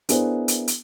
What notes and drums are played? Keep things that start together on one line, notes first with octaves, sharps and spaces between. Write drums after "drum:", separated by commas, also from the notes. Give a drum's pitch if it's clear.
B3 D4 E4 G#4 A#4 C5, drum: hi-hat
drum: hi-hat
drum: hi-hat